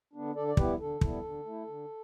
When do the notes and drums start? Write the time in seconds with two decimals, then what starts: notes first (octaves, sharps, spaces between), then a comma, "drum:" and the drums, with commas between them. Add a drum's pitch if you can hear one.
0.13 D3 B3 D4
0.35 D3 A4 D5
0.47 D5
0.57 G3 B3 E4 G4 B4, drum: kick
0.79 D3 A4
1.01 G3 B3 E4, drum: kick
1.23 D3
1.46 A3 E4
1.67 D3